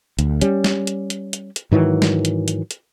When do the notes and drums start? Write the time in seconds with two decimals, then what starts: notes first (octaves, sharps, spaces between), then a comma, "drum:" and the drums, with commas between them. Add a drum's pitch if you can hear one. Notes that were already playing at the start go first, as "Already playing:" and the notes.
0.19 D2, drum: hi-hat
0.41 G3 C#4, drum: hi-hat
0.64 drum: snare
0.87 drum: hi-hat
1.10 drum: hi-hat
1.33 drum: hi-hat
1.56 drum: hi-hat
1.71 G#2 D#3 E3 F#3
2.02 drum: snare
2.25 drum: hi-hat
2.48 drum: hi-hat
2.71 drum: hi-hat